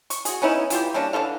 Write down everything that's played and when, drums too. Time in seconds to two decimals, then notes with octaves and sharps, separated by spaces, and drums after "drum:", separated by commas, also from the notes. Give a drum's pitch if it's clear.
0.10 C#6, drum: hi-hat
0.25 F#4 G#4, drum: hi-hat
0.42 B3 C#4 D#4 E4
0.70 E3 F4 G4, drum: hi-hat
0.94 G3 A#3 C#4 D4
1.13 D3 E3 A4 F5